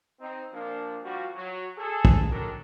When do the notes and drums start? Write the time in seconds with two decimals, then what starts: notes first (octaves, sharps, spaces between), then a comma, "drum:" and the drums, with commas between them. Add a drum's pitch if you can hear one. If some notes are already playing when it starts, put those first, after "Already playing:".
0.20 C4 D#4
0.53 A#2 F3 A#3 D4
1.04 F3 G3 F4 F#4
1.36 F#3
1.78 G#4 A4
2.05 drum: kick
2.31 D#3 F#3 G3 D4 A4 A#4